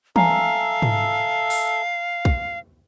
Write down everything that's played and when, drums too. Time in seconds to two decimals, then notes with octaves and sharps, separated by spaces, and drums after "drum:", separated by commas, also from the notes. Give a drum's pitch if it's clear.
0.16 A4 E5 F5 G#5 A#5, drum: tom E3
0.82 drum: tom G#2
1.50 drum: open hi-hat
2.25 drum: kick